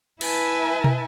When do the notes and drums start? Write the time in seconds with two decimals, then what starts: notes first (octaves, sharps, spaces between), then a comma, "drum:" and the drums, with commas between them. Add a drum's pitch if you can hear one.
0.21 E4 B4 E5 G#5 A5, drum: cymbal
0.84 drum: tom